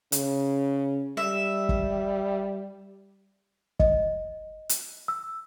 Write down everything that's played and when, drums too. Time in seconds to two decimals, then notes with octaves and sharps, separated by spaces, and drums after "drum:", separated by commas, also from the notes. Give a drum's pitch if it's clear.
0.12 C#3, drum: hi-hat
1.17 G3 E5
1.69 drum: kick
3.80 D#5, drum: kick
4.69 drum: hi-hat
5.08 E6